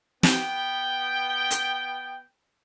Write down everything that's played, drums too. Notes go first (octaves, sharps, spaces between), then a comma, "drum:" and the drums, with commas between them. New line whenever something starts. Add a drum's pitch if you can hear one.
B3 G5, drum: snare
drum: hi-hat